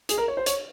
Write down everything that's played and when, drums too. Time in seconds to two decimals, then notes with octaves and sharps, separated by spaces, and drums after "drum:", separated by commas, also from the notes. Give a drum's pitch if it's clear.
0.09 G#4, drum: hi-hat
0.18 A#4
0.28 C#5
0.37 C5
0.46 C#5, drum: hi-hat